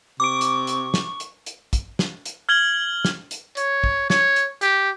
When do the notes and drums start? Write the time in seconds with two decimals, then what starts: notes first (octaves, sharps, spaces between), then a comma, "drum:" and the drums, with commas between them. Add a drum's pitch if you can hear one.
0.20 C3 C#6 D6 D7
0.41 drum: hi-hat
0.67 drum: hi-hat
0.94 drum: snare
1.20 drum: hi-hat
1.46 drum: hi-hat
1.73 drum: kick, hi-hat
1.99 drum: snare
2.25 drum: hi-hat
2.49 F6 G#6 F#7 G7
3.05 drum: snare
3.31 drum: hi-hat
3.57 C#5, drum: hi-hat
3.84 drum: kick
4.10 C#5, drum: snare
4.36 drum: hi-hat
4.61 G4, drum: hi-hat